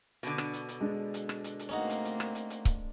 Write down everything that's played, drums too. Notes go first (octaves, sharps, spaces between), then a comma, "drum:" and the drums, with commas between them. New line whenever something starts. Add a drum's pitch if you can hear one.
B2 D3, drum: hi-hat
drum: rim click
drum: hi-hat
drum: hi-hat
G#3 D4
drum: hi-hat
drum: rim click
drum: hi-hat
drum: hi-hat
A3 A#3 C4 C#4 D#4 F#4
drum: hi-hat
drum: hi-hat
drum: rim click
drum: hi-hat
drum: hi-hat
drum: kick C#1, hi-hat